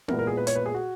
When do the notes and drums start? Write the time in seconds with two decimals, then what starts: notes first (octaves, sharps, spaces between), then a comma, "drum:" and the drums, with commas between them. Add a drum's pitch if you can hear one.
0.08 A#2 G#3 B3 E4 A#4, drum: tom B3
0.19 A#4
0.27 G#4
0.37 B4
0.47 C#5, drum: hi-hat
0.55 B4
0.66 G#4
0.74 F#4